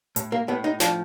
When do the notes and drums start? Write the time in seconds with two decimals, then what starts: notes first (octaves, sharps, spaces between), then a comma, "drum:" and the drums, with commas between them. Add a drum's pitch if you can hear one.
0.16 A2, drum: hi-hat
0.32 A#3
0.48 A2 B3
0.64 D#4
0.80 F3 D4, drum: snare